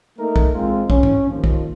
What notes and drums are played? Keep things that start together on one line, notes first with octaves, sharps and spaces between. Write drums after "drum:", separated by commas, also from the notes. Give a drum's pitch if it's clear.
A3 A#3 D#4 A#4
drum: kick
A1 G#3 C4 F4
C#4, drum: kick
drum: tom G#2
D#2 F3
drum: kick